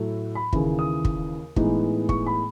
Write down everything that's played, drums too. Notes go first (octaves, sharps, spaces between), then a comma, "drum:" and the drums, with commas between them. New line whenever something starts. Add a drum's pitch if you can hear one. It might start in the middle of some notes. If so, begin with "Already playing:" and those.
Already playing: A2 F#3 A3 E4
B5
D#2 C#3 E3, drum: kick
D#6
drum: kick
A2 E3 G#3 B3 D#4, drum: kick
C#6, drum: kick
B5